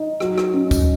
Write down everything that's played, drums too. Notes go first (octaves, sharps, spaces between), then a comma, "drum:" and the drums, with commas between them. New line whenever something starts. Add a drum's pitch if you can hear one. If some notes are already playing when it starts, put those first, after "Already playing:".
Already playing: D#4
F#3, drum: rim click
drum: rim click
C#4
drum: kick, tambourine